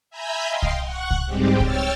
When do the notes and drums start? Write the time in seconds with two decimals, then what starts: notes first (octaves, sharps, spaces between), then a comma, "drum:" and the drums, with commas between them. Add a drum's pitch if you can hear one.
0.10 E5 G#5 A#5 B5 G6
0.46 D#5 F5 G5 C6
0.62 drum: kick C2
0.83 F#5 C#6 F#6
1.11 drum: kick C2
1.26 G#2 G3 G#3 C4 G4
1.60 C#5 G5 E6 F6 A6, drum: kick C2